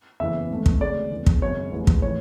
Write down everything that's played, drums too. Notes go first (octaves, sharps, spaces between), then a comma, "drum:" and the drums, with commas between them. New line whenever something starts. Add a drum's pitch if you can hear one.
F#1 E2 C#3 E3 E5
G#1 G#2 E3 A3
drum: kick
D2 C#3 G#3 D5
E2 D3 G#3
drum: kick
G#1 F#2 C#3 G#3 C#5
A1 G#2 G#3
drum: kick
A2 E3 C#5